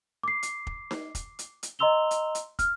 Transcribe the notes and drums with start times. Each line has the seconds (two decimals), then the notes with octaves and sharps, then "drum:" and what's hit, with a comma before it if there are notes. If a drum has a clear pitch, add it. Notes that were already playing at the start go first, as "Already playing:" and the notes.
0.23 D6 C7
0.43 drum: hi-hat
0.67 drum: kick
0.91 drum: snare D#4
1.15 drum: kick, hi-hat
1.39 drum: hi-hat
1.63 drum: hi-hat
1.79 D#5 A#5 C6 E6 F7 G7
2.11 drum: hi-hat
2.35 drum: hi-hat
2.59 F6, drum: kick, hi-hat